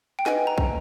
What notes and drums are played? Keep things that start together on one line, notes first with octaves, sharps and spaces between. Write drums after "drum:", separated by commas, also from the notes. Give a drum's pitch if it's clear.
G5
B4 D#5 F#5 G#5, drum: snare
A#5
drum: kick